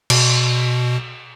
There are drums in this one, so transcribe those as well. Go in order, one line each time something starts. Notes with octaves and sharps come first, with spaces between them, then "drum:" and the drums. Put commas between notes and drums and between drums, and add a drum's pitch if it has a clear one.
B2, drum: cymbal